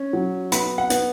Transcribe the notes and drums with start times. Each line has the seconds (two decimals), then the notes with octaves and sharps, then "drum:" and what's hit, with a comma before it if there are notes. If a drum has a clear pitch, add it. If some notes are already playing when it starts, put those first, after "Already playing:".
Already playing: C#4
0.13 F#3
0.52 B3 B5, drum: hi-hat
0.78 F#5
0.90 B3, drum: hi-hat